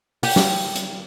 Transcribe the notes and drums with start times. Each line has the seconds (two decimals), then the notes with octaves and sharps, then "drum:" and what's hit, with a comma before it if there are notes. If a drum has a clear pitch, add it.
0.23 G4, drum: open hi-hat
0.36 drum: snare
0.76 drum: hi-hat